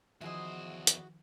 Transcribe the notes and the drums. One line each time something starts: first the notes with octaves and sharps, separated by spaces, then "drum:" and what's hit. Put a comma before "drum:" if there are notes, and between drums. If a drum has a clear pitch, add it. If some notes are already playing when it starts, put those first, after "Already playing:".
E2 D#3 F3 E4 F#4 G#4 C5 D#5
drum: hi-hat